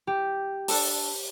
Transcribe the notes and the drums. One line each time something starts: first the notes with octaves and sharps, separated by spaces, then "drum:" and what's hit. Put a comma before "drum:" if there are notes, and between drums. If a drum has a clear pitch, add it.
G4
D4 A4 A5, drum: open hi-hat